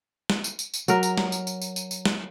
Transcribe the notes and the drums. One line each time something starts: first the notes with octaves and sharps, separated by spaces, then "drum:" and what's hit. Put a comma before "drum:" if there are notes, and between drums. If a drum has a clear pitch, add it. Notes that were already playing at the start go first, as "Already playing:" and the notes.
drum: snare
drum: tambourine
drum: tambourine
drum: tambourine
F#3 A#4, drum: tambourine
drum: tambourine
drum: snare
drum: tambourine
drum: tambourine
drum: tambourine
drum: tambourine
drum: tambourine
drum: snare